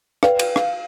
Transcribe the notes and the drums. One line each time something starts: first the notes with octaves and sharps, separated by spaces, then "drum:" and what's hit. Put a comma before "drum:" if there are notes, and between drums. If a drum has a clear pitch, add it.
B4 D5 F5 G5, drum: rim click
drum: cymbal
drum: rim click